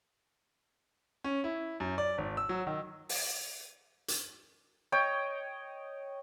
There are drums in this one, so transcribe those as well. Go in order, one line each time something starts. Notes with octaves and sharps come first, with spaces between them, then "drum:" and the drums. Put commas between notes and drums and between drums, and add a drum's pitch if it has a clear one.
C#4
E4
F#2
D5
G#1
E6
F#3
D#3
drum: open hi-hat
drum: hi-hat
C#5 D#5 G5